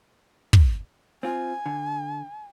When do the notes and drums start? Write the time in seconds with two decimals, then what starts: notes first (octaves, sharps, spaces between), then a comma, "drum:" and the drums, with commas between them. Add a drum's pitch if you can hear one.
0.53 drum: kick
1.23 C4 F4 G#5
1.66 D3